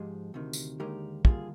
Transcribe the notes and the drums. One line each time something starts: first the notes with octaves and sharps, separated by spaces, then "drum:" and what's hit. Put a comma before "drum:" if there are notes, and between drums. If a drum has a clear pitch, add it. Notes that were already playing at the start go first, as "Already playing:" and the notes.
Already playing: G#2 F3 G#3 G4
D2 C3 D#3
drum: tambourine
D#2 D3 G#3 D#4 G4 A#4
D#2 D3 G3 A#3 F4 G#4, drum: kick